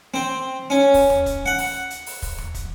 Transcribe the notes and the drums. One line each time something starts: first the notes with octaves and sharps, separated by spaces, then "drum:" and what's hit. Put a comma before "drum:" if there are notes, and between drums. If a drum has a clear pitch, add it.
C4
C#4
drum: kick, open hi-hat
drum: tom D#2
drum: kick, hi-hat
F#5
drum: open hi-hat
drum: hi-hat
drum: open hi-hat
drum: kick, open hi-hat
drum: tom D#2
drum: kick, hi-hat